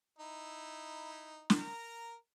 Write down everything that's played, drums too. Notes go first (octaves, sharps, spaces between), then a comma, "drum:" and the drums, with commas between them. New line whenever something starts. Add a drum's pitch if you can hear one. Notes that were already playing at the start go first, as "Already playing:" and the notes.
D#4 E4
drum: snare
A#4 A#5